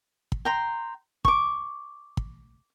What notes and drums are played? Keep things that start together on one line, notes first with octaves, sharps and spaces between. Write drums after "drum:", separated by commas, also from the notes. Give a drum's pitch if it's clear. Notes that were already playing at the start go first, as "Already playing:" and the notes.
drum: kick
G5 A#5 C6
C#6 D6, drum: kick
drum: kick